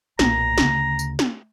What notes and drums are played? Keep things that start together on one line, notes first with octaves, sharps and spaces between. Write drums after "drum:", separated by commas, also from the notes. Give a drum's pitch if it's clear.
B1 A#2 A#5, drum: snare
D2 C#3, drum: snare
drum: tambourine
drum: snare